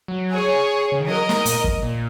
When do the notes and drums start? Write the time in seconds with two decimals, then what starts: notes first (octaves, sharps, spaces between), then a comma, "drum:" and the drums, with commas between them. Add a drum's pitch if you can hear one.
0.08 F#3
0.32 G#4 C#5
0.92 C#3
1.00 D#3
1.07 F#3 A#4 D#5
1.29 drum: snare
1.46 A#2, drum: hi-hat
1.64 drum: kick
1.83 A#2